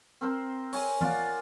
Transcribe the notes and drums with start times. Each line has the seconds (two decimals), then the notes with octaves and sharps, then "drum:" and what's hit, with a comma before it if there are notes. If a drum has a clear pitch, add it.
0.21 C4 A#4 C5
0.72 C#5 G#5, drum: open hi-hat
1.01 F4 D5 F#5, drum: tom E3